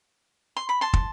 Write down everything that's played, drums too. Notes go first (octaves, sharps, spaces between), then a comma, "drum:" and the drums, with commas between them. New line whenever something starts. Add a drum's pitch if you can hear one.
C6
B5
A5 C6
drum: kick